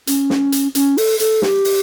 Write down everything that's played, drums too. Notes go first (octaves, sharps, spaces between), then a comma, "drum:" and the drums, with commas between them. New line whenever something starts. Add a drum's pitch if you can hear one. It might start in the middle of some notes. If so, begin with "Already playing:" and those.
C#4, drum: hi-hat
drum: snare
drum: hi-hat
C#4, drum: hi-hat
A4, drum: open hi-hat
A4, drum: hi-hat
G4, drum: snare
drum: open hi-hat